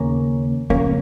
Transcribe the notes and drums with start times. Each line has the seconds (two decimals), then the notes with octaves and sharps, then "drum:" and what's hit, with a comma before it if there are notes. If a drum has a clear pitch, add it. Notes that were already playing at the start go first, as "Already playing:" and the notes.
Already playing: D#2 C#3 A#3 C#4
0.70 F2 C#3 A#3 C#4, drum: kick D2